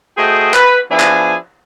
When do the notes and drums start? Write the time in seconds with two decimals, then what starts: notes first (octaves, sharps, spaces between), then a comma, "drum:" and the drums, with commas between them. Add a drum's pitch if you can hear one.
0.17 A3 F#4 G#4 C5 D#5 G5
0.54 B4, drum: clap
0.90 F3 B3 D4 E4 G#4 G#5
1.00 drum: clap